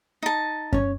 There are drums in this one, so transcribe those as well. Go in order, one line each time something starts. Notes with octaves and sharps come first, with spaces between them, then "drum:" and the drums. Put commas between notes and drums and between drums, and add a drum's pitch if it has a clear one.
D#4 A5
C#4 C#5, drum: kick F#2